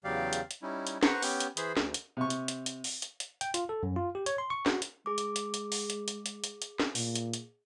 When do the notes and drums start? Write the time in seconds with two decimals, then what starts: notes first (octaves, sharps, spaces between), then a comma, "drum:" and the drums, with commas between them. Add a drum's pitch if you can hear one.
0.04 E2 C#3 F#3 G4 D5 F5
0.33 drum: hi-hat
0.51 drum: hi-hat
0.62 G3 C#4 D#4 E4
0.87 drum: hi-hat
1.03 B4 C5 F#5 A#5 C#6, drum: snare
1.22 B3 C#4 G4, drum: open hi-hat
1.40 drum: hi-hat
1.57 E3 G#4 C5 B5, drum: hi-hat
1.77 D2, drum: snare
1.94 drum: hi-hat
2.17 C3 C#6
2.30 drum: hi-hat
2.48 drum: hi-hat
2.66 drum: hi-hat
2.84 drum: open hi-hat
3.02 drum: hi-hat
3.20 drum: hi-hat
3.41 G5, drum: hi-hat
3.54 F4, drum: hi-hat
3.69 A4
3.83 F#2
3.96 F4
4.15 G4
4.26 C#5, drum: hi-hat
4.38 C6
4.50 C#6
4.66 F#4, drum: snare
4.82 drum: hi-hat
5.06 G#3 G#4 D6
5.18 drum: hi-hat
5.36 drum: hi-hat
5.54 drum: hi-hat
5.72 drum: open hi-hat
5.90 drum: hi-hat
6.08 drum: hi-hat
6.26 drum: hi-hat
6.44 drum: hi-hat
6.62 drum: hi-hat
6.80 drum: snare
6.95 A#2, drum: open hi-hat
7.15 drum: hi-hat
7.33 drum: hi-hat